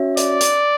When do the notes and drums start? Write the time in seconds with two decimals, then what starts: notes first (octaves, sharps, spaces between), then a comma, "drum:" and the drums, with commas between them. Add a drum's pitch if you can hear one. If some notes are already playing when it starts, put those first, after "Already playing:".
Already playing: C#4 F#4 C#5 E5
0.17 D5, drum: hi-hat
0.41 drum: hi-hat